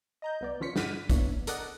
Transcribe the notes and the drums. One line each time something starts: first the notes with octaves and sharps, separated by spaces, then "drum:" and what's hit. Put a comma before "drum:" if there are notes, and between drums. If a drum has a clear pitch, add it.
D#5 A#5 G6
C2 B3 D5
D2 F3 C#4 F4 B6 C#7
G2 E3 F#5 F6 B6 D#7, drum: snare
A#3 B3 D4 E4 C#5, drum: kick, hi-hat
A4 A#4 D5 D#5 F#5, drum: hi-hat